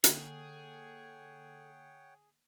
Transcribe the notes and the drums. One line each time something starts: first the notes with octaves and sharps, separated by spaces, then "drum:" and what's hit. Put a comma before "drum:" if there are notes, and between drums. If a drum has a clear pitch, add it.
D3 A#3 G#4 A4 C#5 F#5 G5, drum: hi-hat